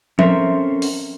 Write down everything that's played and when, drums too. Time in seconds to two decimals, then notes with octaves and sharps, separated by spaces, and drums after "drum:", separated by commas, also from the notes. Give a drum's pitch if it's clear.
0.19 C4 C#4 A4 A#4 C5 E5, drum: tom F3
0.82 drum: open hi-hat